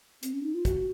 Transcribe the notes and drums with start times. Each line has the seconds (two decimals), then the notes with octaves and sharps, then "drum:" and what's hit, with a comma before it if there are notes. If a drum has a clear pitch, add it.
0.23 C4, drum: hi-hat
0.33 C#4
0.43 D#4
0.54 F4
0.65 F#4, drum: kick, hi-hat